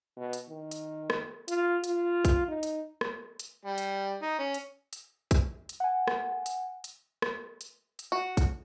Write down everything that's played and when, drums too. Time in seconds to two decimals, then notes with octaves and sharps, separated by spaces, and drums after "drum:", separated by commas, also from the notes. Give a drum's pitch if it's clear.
0.17 B2
0.33 drum: hi-hat
0.49 D#3
0.71 drum: hi-hat
1.10 drum: rim click
1.48 F4, drum: hi-hat
1.84 F4, drum: hi-hat
2.25 drum: kick A#1, hi-hat
2.48 D#4
2.63 drum: hi-hat
3.01 drum: rim click
3.39 drum: hi-hat
3.65 G3
3.78 drum: hi-hat
4.22 D#4
4.39 C#4
4.54 drum: hi-hat
4.93 drum: hi-hat
5.31 drum: kick A#1, hi-hat
5.69 drum: hi-hat
5.80 F#5 G#5
6.08 drum: rim click
6.46 drum: hi-hat
6.84 drum: hi-hat
7.22 drum: rim click
7.61 drum: hi-hat
7.99 drum: hi-hat
8.12 F#4
8.37 drum: kick A#1, hi-hat